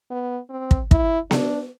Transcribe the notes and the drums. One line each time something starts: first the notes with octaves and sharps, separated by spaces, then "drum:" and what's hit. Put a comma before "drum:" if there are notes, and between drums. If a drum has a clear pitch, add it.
B3
C4
drum: kick
E4, drum: kick
D4, drum: snare B3